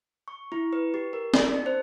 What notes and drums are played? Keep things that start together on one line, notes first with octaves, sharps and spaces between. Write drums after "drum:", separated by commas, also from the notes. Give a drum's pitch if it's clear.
C#6
E4
B4
G4
A#4
D5, drum: snare
D#4
C5